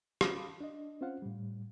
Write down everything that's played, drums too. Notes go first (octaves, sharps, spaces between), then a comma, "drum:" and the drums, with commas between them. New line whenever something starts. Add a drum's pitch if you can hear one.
F5 A5 B5 C6 D6 D#6, drum: rim click
D4 D#5
C4 C#4 F4 C5 F5 F#5
A2 G3